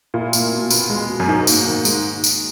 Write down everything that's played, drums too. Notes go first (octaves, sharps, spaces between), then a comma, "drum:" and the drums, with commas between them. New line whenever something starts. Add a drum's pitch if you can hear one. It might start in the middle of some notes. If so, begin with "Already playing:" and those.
A#2 E4
A#3, drum: tambourine
B2
B3, drum: tambourine
G#3
B2
F#2
G#2 D#4
A#3, drum: tambourine
D#3
G#3, drum: tambourine
drum: tambourine